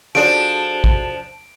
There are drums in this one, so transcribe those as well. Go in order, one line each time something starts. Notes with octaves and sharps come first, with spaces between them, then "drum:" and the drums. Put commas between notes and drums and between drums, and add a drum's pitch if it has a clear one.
F3 D4 F#4 G#4 A4 A5 D7
drum: kick A1